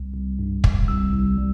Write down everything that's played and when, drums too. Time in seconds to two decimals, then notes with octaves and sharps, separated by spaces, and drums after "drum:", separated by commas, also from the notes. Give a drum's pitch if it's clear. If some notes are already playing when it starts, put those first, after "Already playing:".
Already playing: C2
0.14 C2
0.39 G2
0.64 A1, drum: kick
0.88 C2 E6
1.13 C2
1.38 G3